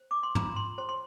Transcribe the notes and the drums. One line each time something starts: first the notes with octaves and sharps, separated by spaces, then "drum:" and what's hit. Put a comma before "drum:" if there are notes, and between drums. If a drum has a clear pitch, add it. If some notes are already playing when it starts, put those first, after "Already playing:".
Already playing: C5
D6
C6
F4 A#5, drum: tom
C6
C5 C6
C6